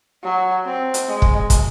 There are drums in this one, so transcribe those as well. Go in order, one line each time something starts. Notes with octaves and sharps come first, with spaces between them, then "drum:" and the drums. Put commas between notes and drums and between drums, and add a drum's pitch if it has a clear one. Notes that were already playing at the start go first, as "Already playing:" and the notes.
F#3
C4
drum: hi-hat
G#3
drum: kick
drum: kick, hi-hat